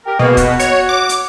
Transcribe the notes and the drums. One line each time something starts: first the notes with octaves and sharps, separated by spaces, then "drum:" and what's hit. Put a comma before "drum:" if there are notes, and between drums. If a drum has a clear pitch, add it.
G4 A#4
G#2 B2 A#3
F#4, drum: kick, hi-hat
C#5, drum: hi-hat
D6
drum: hi-hat